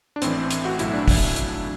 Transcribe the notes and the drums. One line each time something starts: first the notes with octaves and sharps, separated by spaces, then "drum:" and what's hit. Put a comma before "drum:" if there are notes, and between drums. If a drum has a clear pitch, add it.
D4
A1 A2 E3 C4, drum: hi-hat
drum: hi-hat
F#4
B1 A2 F#3 E4, drum: hi-hat
D4
drum: kick, open hi-hat
drum: hi-hat